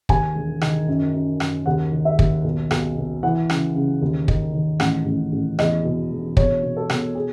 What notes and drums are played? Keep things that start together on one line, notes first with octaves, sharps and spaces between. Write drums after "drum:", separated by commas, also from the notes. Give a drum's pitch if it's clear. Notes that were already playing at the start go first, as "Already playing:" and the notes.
D#2 G#5, drum: kick
E1
D#3, drum: rim click
F#2
F#2
F#2, drum: rim click
D#2 F#5
D#3
E5
D#2, drum: kick
B1
B1, drum: rim click
B2
E3 F#5
C#3, drum: rim click
C#3
D#2
D#3, drum: kick
D#3
A1 F#5, drum: rim click
A1
A1
E2 D#5, drum: rim click
B2
E1
B2 C#5, drum: kick
B2
A4
B2, drum: rim click
G#4